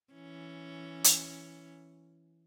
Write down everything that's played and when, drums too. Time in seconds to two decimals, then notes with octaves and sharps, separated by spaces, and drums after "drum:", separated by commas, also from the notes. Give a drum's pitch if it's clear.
0.13 E3 C#4
1.04 drum: hi-hat